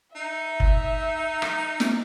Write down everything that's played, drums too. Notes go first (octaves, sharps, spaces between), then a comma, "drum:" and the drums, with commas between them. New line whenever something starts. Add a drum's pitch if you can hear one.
D#4 E5
drum: kick
drum: rim click
drum: snare